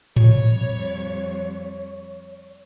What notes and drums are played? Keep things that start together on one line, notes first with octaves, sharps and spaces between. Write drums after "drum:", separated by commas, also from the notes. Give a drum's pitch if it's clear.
F2 G3 C#5, drum: tom A2